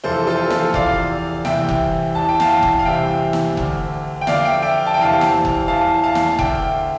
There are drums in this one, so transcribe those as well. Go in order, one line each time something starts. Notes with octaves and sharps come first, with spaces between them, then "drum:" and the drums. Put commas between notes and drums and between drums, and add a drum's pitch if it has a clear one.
F2 C3 E3 A4 C5
F4 A4
F4 A4, drum: snare
E2 C3 E3 D5 F5, drum: kick F1
C2 C3 E3 E5 G5, drum: snare
drum: kick F1
E2 E3 A5
G5
F5 A5, drum: snare
drum: kick F1
F5
C2 C3 E3 E5 G5
drum: snare
D2 D3, drum: kick F1
G5
F2 D3 D5 F5, drum: snare
E5 G5
E5 G5
A5
G5
E2 C3 E3 F5 A5
drum: snare
drum: kick F1
E2 E3 F5 A5
F5 A5
drum: snare
D2 D3 E5 G5, drum: kick F1